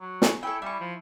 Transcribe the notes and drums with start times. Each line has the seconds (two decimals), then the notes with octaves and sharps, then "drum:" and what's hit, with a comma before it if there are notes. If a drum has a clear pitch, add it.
0.01 F#3
0.22 G#5, drum: snare
0.43 E4 A4 C#5 G5
0.62 G3 E4 C#6
0.80 F3